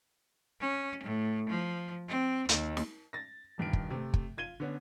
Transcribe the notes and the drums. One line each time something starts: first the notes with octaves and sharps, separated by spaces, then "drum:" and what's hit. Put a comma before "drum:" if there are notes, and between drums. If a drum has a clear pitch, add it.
C#4
A2
F3
C4
D#2, drum: hi-hat
drum: snare
A6 A#6
D#1 G2 D#3 D7
drum: kick
C3 A3
drum: kick
F4 G#6 D#7 G7
D3 B3 C#4